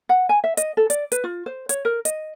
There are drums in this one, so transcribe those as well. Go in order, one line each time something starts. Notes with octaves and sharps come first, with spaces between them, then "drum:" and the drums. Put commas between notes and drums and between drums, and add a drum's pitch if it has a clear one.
F#5
G#5
E5
D#5, drum: hi-hat
A4
D5, drum: hi-hat
B4, drum: hi-hat
F4
C5
C#5, drum: hi-hat
A#4
D#5, drum: hi-hat